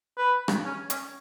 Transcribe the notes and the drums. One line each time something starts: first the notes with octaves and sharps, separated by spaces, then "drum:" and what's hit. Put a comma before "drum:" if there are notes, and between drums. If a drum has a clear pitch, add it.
B4
drum: rim click
C#4
C#4, drum: hi-hat